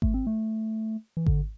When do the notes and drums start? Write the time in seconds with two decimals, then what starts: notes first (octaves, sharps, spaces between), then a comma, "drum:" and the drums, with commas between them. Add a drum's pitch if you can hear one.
0.02 A3, drum: kick G#1
0.14 C4
0.27 A3
1.17 E3
1.26 D3, drum: kick G#1